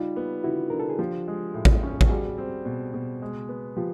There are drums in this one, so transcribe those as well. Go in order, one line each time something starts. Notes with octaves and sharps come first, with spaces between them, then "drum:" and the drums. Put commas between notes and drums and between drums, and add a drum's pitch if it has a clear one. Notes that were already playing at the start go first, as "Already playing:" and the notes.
Already playing: G3 D#4 F4
B3
D3 E4 F#4
D3 A#4
A4
G#4
F3 F4 G4
G#3
A2
drum: kick A1
C#4
drum: kick A1
G3 F#4 G#4
C4
B2
B2
G#3
B3
F3 F4 G4